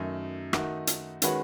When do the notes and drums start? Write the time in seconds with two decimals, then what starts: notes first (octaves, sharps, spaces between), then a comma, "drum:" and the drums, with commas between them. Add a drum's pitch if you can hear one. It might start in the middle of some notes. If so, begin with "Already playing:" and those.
Already playing: F#2 D#3 A3 D#4
0.53 D#3 A3 D#4 F#4, drum: rim click
0.87 drum: hi-hat
1.22 D#3 G#3 C#4 F#4 B4, drum: hi-hat